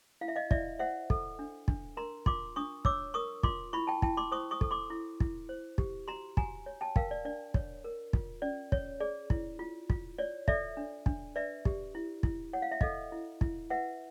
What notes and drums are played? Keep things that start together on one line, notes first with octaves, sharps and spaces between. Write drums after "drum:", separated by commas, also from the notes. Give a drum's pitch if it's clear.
E4 F5
E5
D#5 F5
E4 D5 E5, drum: kick
C5 E5 F#5
A4, drum: kick
D4
D4, drum: kick
A#4 A#5 C6
F4 C6 D6, drum: kick
D4 C#6 D#6
C#5 D6 E6, drum: kick
A#4 C#6 D#6
F4 C6 D6, drum: kick
E4 B5 C#6
G5 A5
E4 G5 A5, drum: kick
C6 D6
C5 C#6 D#6
C#6 D#6
A4, drum: kick
C6 D6
E4
E4, drum: kick
C5
G4, drum: kick
F#4 A#5 C6
F#4 G#5 A#5, drum: kick
C#5
G5 A5
A#4 F5 G5, drum: kick
D5
D4 D5
C#5, drum: kick
A#4
F4, drum: kick
C#4 D5
C#5, drum: kick
G#4 D5
E4, drum: kick
F4
F4, drum: kick
C#5 D5
A4 D5 E5, drum: kick
D4
D4, drum: kick
B4 D5 E5
G4, drum: kick
E4
E4, drum: kick
C#5 F#5
F5
E5
A4 D#5 F5, drum: kick
E4
E4, drum: kick
B4 E5 F#5